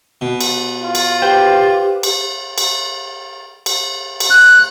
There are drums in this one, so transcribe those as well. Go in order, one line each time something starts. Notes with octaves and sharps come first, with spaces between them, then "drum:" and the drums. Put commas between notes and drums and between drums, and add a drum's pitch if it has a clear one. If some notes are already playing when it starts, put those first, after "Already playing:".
B2
drum: cymbal
F4
drum: cymbal
G4 B4 C5 G5
drum: cymbal
drum: cymbal
drum: cymbal
drum: cymbal
F#6